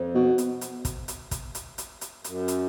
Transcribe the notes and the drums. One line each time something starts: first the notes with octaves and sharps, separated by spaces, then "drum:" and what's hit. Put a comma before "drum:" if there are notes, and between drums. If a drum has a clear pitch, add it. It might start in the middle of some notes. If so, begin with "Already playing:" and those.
Already playing: F2
B2
drum: hi-hat
drum: hi-hat
drum: kick, hi-hat
drum: hi-hat
drum: kick, hi-hat
drum: hi-hat
drum: hi-hat
drum: hi-hat
F#2, drum: hi-hat
drum: hi-hat